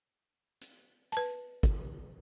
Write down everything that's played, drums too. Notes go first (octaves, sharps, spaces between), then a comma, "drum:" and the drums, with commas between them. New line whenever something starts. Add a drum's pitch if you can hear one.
drum: hi-hat
B4 A5, drum: hi-hat
drum: kick, hi-hat